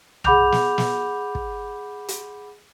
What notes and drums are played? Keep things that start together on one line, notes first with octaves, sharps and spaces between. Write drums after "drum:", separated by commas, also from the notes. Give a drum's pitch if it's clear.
G#4 F#5 B5 D6 G6 F7, drum: tom B1
drum: snare
drum: snare
drum: kick
drum: hi-hat